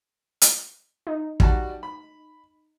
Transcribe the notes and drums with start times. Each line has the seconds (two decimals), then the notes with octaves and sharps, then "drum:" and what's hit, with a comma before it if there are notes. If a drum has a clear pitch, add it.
0.42 drum: hi-hat
1.07 D#4
1.40 G3 F#4 A5, drum: kick
1.83 B5